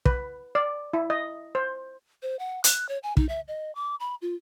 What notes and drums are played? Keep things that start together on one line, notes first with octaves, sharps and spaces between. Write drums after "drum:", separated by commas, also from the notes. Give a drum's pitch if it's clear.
B4, drum: kick
D5
E4
D#5
C5
C5
F#5
F#6, drum: hi-hat
C#5
G#5
D#4, drum: kick
E5
D#5
D6
B5
F4